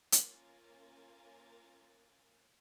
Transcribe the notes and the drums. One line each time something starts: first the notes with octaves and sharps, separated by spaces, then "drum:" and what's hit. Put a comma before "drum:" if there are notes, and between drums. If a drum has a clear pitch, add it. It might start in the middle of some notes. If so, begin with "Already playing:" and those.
A#3 C#4 F4 A#4 G#5 A6, drum: hi-hat